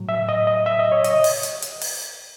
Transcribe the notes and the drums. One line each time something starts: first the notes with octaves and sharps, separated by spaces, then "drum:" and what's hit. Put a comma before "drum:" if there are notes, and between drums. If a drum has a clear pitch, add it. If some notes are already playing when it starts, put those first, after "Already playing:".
Already playing: A2 F#3
E5
D#5
D#5
E5
D#5
C#5
D#5, drum: hi-hat
drum: open hi-hat
drum: hi-hat
drum: hi-hat
drum: open hi-hat